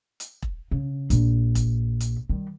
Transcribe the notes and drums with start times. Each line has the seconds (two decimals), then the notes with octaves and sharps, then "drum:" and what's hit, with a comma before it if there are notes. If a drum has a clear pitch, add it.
0.20 drum: hi-hat
0.42 drum: kick E1
0.71 C#3
1.10 A#1 A#2, drum: hi-hat
1.55 drum: kick E1, hi-hat
2.00 drum: hi-hat
2.29 D#3 G3